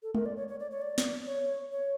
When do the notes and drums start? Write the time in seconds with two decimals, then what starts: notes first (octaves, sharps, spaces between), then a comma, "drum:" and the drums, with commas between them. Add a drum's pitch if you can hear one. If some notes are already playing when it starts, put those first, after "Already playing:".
0.03 A4
0.15 A#4, drum: tom G#3
0.26 D5
0.37 C#5
0.48 C#5
0.60 D5
0.71 C#5
0.82 D5
0.98 drum: snare
1.27 C#5
1.72 C#5